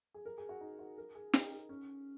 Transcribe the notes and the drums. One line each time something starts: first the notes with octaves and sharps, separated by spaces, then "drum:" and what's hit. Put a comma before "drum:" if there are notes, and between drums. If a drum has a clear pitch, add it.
G#4
A#4
G#4
F#4
D#4
F#4
A#4
G#4
D#4, drum: snare
C#4